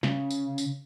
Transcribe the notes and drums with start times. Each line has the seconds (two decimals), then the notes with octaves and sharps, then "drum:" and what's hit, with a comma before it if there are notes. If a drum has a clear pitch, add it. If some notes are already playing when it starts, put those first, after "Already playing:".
0.03 C#3, drum: snare
0.31 drum: tambourine
0.58 drum: tambourine